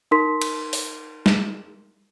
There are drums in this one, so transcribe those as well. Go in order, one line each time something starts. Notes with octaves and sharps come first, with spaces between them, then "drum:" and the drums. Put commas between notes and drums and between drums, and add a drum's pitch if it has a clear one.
D#4 A#4 C6 B6
drum: cymbal
drum: open hi-hat
drum: snare